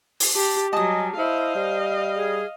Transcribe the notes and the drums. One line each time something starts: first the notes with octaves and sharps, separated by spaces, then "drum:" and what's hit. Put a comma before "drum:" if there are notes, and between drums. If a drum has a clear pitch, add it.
drum: open hi-hat
G4 A5
F#3 G3 D#5 G#5 A5 D#6
E4 C5 D#5 F5
G3
G#4